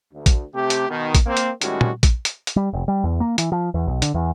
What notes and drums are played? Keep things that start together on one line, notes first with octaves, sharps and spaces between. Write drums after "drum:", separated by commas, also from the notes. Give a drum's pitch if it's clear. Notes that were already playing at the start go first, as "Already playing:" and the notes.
D2
drum: kick A#1, hi-hat
C3 A3 G4
drum: hi-hat
B2 D#3
drum: kick A#1, hi-hat
A#3 C4
drum: hi-hat
A2 D#3 G3 G#3 C#4 F#4, drum: hi-hat
drum: tom
drum: kick A#1, hi-hat
drum: hi-hat
drum: hi-hat
G3
F1
G3
E2
A#3
E3, drum: hi-hat
F3
E2
B1
D3, drum: hi-hat
E2